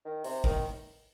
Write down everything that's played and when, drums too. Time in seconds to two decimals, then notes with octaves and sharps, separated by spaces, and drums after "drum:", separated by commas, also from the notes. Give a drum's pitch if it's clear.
0.05 D#3
0.24 C3, drum: open hi-hat
0.44 D#3, drum: kick